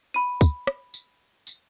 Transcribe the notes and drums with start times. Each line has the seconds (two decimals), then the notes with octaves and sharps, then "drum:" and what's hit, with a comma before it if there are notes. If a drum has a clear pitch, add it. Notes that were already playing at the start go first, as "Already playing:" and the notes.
0.14 B5 D#7
0.41 drum: kick, tambourine
0.67 drum: rim click
0.94 drum: tambourine
1.47 drum: tambourine